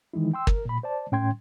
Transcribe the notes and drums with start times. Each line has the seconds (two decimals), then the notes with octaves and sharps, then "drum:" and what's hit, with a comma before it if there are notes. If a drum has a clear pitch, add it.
0.13 D#3 E3 G#3 D#4 E4
0.34 G5 C6 E6
0.47 A#4, drum: kick
0.65 A#2 B5
0.83 C5 D5 A5
1.12 A2 C#4 G5 C6 G#6